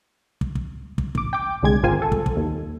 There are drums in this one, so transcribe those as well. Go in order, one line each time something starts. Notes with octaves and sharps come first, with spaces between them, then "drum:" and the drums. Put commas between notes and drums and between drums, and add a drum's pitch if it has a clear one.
drum: kick
drum: kick
drum: kick
A1 D6, drum: kick
G5 D6
C2 D3 G#3 G#6
G#1 C4 F4 A#4 G#5
A4
drum: kick
drum: kick
D#2